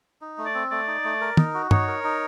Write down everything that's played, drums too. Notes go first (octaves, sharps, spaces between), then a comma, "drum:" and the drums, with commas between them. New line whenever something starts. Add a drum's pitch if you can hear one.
D#4
A3
D5
C4
A3 D5
D#4
A3
A#4
D#4, drum: tom
F#4
D#4 C#5, drum: tom G2
A#4
D#4